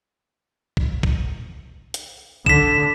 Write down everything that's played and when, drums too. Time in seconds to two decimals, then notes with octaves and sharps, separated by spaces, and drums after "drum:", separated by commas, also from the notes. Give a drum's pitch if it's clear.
0.77 drum: kick B1
1.03 drum: kick B1
1.94 drum: hi-hat
2.46 D3 B6 E7, drum: kick B1